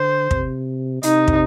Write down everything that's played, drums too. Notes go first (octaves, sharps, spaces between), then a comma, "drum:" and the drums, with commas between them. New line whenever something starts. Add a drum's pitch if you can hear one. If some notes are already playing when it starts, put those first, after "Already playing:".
Already playing: D3 C5
C3, drum: kick
C3 D#4, drum: hi-hat
drum: kick